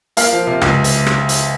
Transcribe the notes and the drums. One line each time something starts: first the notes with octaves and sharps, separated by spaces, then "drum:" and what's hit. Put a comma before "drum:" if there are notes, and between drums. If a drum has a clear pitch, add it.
A#3 F5, drum: hi-hat
F3
C3
C#2, drum: rim click
drum: hi-hat
drum: rim click
drum: hi-hat